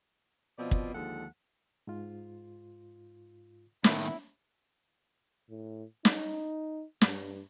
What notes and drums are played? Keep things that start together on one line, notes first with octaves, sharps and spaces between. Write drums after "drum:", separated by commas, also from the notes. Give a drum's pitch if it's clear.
B2 F3 C4 F4 D5 D#5
drum: kick
D#2 D3 F3 G#3 A4 F#5
G#2 F4
A2 D#3 A#3 B3 E4 F#5, drum: snare
A2
D#4, drum: snare
G2, drum: snare